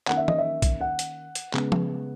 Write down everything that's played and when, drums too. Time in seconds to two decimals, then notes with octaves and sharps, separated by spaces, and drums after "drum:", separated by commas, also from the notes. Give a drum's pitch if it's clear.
0.07 D#3 A#3 C#4 F#5, drum: clap
0.17 E5
0.28 D#5, drum: tom E3
0.38 E5
0.62 drum: kick, hi-hat
0.81 F#5
0.99 drum: hi-hat
1.35 drum: hi-hat
1.53 C#3 G#3 B3, drum: clap
1.72 drum: tom F3